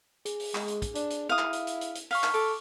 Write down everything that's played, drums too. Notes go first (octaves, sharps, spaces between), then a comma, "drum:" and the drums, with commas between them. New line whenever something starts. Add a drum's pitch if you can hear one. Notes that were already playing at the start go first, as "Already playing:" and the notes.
G#4, drum: hi-hat
drum: open hi-hat
G#3, drum: clap
drum: hi-hat
drum: kick, hi-hat
D4, drum: hi-hat
drum: hi-hat
E4 F5 D#6
drum: clap
drum: hi-hat
drum: hi-hat
drum: hi-hat
drum: hi-hat
F5 C#6 F6 B6, drum: open hi-hat
drum: clap
A4 D6